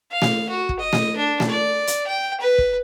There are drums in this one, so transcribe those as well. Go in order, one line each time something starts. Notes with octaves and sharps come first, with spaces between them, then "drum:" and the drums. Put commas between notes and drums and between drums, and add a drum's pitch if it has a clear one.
F5
drum: snare A3
F#4
drum: kick
D#5
drum: snare A3
D4
drum: snare A3
D5
drum: hi-hat
G5
B4
drum: kick